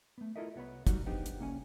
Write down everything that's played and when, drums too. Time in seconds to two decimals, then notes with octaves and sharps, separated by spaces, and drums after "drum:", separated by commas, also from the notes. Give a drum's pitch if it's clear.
0.18 A3 B3
0.36 E4 F4 A4 A#4 D#5 E5
0.56 C2 B3 C#5 B5
0.87 F#3 G3 D#4 F#4, drum: kick, hi-hat
1.06 B3 D4 D#4 G4 G#4 C5
1.26 drum: hi-hat
1.39 C2 A#3 C#4 G#5